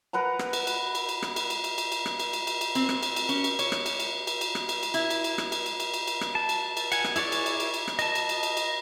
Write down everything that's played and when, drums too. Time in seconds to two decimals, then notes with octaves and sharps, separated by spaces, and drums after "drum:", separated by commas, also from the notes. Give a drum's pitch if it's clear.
0.13 A#4 B4 F#5 A#5
0.39 drum: rim click
0.53 drum: cymbal
0.67 drum: cymbal
0.95 drum: cymbal
1.09 drum: cymbal
1.22 drum: rim click
1.36 drum: cymbal
1.50 drum: cymbal
1.64 drum: cymbal
1.78 drum: cymbal
1.92 drum: cymbal
2.06 drum: rim click
2.19 drum: cymbal
2.33 drum: cymbal
2.47 drum: cymbal
2.61 drum: cymbal
2.75 C4, drum: cymbal
2.89 drum: rim click
3.03 drum: cymbal
3.16 drum: cymbal
3.29 C#4, drum: cymbal
3.44 drum: cymbal
3.59 C#5, drum: cymbal
3.72 drum: rim click
3.86 drum: cymbal
4.00 drum: cymbal
4.27 drum: cymbal
4.41 drum: cymbal
4.55 drum: rim click
4.69 drum: cymbal
4.83 drum: cymbal
4.94 E4, drum: cymbal
5.10 drum: cymbal
5.24 drum: cymbal
5.38 drum: rim click
5.52 drum: cymbal
5.66 drum: cymbal
5.80 drum: cymbal
5.94 drum: cymbal
6.07 drum: cymbal
6.21 drum: rim click
6.35 A5
6.49 drum: cymbal
6.77 drum: cymbal
6.92 F#5 G#5, drum: cymbal
7.04 drum: rim click
7.16 E4 G#4 C#5 D5 C#6, drum: cymbal
7.32 drum: cymbal
7.46 drum: cymbal
7.60 drum: cymbal
7.74 drum: cymbal
7.88 drum: rim click
7.99 D#5 A5, drum: cymbal
8.15 drum: cymbal
8.29 drum: cymbal
8.43 drum: cymbal
8.57 drum: cymbal